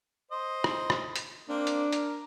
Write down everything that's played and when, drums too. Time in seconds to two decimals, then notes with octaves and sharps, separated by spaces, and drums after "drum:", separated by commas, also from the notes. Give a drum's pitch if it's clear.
0.31 C5 D#5
0.64 drum: rim click
0.90 drum: rim click
1.16 drum: hi-hat
1.49 A#3 C4 D4
1.67 drum: hi-hat
1.92 A#4, drum: hi-hat